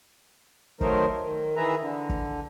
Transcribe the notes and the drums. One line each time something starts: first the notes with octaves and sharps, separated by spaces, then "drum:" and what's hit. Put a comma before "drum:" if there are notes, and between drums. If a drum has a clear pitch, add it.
D#3 F#3 A3 D#4 A#4 C5, drum: kick
D#3
D#3 E3 G#4 B4 E5 A#5
D3
drum: kick